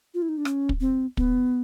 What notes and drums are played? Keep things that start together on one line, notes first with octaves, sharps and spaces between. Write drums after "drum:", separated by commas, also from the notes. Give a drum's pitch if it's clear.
F4
E4
D#4
D4
C#4, drum: rim click
drum: kick
C4
B3, drum: kick